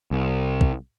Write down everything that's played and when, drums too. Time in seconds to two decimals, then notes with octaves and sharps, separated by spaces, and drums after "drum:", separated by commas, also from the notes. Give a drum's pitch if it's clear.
0.11 C2
0.61 drum: kick